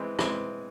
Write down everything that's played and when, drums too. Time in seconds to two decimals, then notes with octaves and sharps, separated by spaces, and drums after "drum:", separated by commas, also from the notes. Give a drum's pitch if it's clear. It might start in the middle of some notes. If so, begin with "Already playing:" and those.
Already playing: E3 G#3 C4
0.19 E3 G#3 C4, drum: rim click